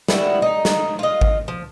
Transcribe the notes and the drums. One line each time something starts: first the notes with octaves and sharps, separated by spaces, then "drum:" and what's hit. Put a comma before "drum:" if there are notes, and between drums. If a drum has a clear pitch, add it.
G3 B3 E4 F#4, drum: snare
D#4
drum: snare
F4 D#5
drum: kick G#1
F3